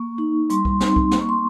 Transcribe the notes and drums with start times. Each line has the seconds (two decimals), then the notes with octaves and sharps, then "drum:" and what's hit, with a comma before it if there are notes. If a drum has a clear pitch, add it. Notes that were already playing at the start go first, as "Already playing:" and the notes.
Already playing: A#3 C#6
0.18 D#4
0.50 G3 C6, drum: hi-hat
0.65 drum: kick C2
0.80 C4 D#4 C6, drum: snare
0.96 drum: kick C2
1.11 A#3, drum: snare
1.21 C#6
1.29 C6